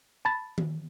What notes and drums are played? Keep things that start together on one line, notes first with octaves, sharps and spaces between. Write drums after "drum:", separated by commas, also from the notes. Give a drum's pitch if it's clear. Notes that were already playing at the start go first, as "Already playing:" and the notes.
A5 B5 A6
drum: tom D#3